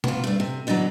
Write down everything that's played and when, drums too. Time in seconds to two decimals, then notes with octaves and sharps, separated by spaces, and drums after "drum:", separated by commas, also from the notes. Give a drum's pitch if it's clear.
0.04 B3 F4, drum: tom
0.24 G2 A3
0.40 C3
0.67 B2 D3 E3 F#3 A#5